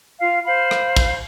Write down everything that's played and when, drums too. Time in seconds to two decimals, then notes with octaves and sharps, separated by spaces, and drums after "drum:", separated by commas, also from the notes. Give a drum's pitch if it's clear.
0.20 F4 F5
0.46 C5 F5 B5
0.71 drum: rim click
0.96 drum: kick, cymbal